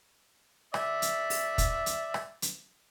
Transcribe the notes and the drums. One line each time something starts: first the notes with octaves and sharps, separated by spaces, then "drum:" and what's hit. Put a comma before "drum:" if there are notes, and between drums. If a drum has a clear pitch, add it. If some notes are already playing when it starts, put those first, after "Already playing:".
D5 E5, drum: rim click
drum: hi-hat
drum: open hi-hat
drum: kick, hi-hat
drum: hi-hat
drum: rim click
drum: hi-hat